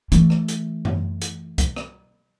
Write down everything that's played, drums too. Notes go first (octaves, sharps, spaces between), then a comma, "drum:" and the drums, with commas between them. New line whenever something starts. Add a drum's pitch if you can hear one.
E3 A3, drum: kick C2, hi-hat
drum: rim click
drum: hi-hat
drum: tom F#2
drum: hi-hat
drum: kick C2, hi-hat
drum: rim click